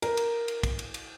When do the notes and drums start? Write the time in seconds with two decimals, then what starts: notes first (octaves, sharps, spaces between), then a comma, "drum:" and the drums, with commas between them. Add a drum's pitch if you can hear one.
0.02 A#4, drum: cymbal
0.17 drum: cymbal
0.48 drum: cymbal
0.63 drum: kick, cymbal
0.79 drum: cymbal
0.94 drum: cymbal